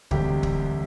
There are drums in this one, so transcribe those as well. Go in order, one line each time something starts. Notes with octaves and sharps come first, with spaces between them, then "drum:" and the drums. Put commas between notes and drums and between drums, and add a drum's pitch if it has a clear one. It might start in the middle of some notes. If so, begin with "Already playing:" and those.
E1 D2 C3 G3 G4, drum: kick
drum: kick